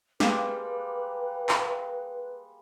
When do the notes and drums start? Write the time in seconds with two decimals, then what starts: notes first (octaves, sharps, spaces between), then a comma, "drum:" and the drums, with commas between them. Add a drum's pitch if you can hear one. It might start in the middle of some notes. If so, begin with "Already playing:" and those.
0.20 G3 G#3 A#3 B4, drum: snare
1.49 drum: clap